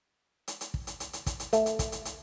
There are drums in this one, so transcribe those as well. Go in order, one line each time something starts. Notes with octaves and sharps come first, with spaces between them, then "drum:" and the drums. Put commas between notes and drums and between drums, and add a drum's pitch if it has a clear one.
drum: hi-hat
drum: hi-hat
drum: kick
drum: hi-hat
drum: hi-hat
drum: hi-hat
drum: kick, hi-hat
drum: hi-hat
A3, drum: hi-hat
drum: hi-hat
drum: kick, hi-hat
drum: hi-hat
drum: hi-hat